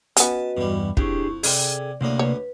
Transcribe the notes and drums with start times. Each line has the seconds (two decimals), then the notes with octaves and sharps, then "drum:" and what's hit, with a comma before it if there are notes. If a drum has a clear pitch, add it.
0.17 B3 C#4 F#4 B4 D#5 A5, drum: hi-hat
0.57 E2 G2 B2 G3
0.97 F2 D4 E4 G4 G#4 C#6, drum: kick
1.43 C3 G#4 A4 D5 G5, drum: open hi-hat
2.01 D2 A2 C3 A#3 D5 D#5
2.19 B4 C#5